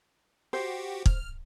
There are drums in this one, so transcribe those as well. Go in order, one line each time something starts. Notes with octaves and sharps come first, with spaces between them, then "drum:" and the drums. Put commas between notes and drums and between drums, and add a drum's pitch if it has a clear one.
F#4 G4 C5
F6, drum: kick